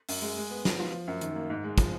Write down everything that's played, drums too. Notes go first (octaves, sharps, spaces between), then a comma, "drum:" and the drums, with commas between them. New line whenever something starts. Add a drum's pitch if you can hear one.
F#2, drum: open hi-hat
G#3
G#3
B3
F3, drum: snare
F4
F3
F#2
D#3, drum: hi-hat
A#3
G#2
G#3
F3, drum: kick, hi-hat